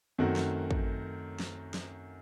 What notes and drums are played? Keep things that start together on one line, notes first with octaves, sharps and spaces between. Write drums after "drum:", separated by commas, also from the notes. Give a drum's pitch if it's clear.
F#2 D#3 A3 C4 F#4
drum: snare
drum: kick
drum: snare
drum: snare